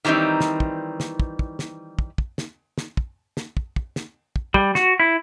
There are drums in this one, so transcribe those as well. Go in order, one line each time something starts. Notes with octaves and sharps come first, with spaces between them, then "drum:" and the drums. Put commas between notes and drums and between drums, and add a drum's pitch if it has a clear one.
D#3 E3 G3 C4 D#4
drum: snare
drum: kick
drum: snare
drum: kick
drum: kick
drum: snare
drum: kick
drum: kick
drum: snare
drum: snare
drum: kick
drum: snare
drum: kick
drum: kick
drum: snare
drum: kick
G3, drum: kick
F#4, drum: snare
E4